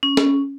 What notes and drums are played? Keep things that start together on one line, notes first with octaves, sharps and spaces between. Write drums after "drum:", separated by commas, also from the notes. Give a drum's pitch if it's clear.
C#4
drum: snare